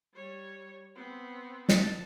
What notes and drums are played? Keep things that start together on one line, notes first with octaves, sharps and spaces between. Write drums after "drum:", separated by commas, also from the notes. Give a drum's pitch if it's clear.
G3 C#5
B3 C4
A5, drum: snare